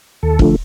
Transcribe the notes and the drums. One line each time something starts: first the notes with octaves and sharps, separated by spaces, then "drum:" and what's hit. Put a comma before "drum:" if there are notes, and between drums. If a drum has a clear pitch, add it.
D#2 A4
D3 F3 A3, drum: kick